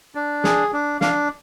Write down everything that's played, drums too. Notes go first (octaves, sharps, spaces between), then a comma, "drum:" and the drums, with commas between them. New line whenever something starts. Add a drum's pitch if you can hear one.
D4
G#4, drum: snare
D4
D4 F5, drum: snare